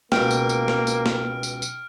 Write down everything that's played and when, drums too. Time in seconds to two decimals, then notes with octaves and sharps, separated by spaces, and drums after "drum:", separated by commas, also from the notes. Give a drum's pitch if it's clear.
0.12 C#2 B2 A#3 G5 F6 D7, drum: snare
0.31 drum: tambourine
0.49 drum: tambourine
0.68 drum: snare
0.87 drum: tambourine
1.06 drum: snare
1.43 drum: tambourine
1.62 drum: tambourine